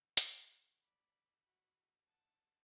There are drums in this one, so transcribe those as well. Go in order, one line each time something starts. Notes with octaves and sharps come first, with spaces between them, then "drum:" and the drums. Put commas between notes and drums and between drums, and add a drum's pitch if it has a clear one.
C#5 F#5, drum: hi-hat
D5 B5
F#4 B5
F#5 A5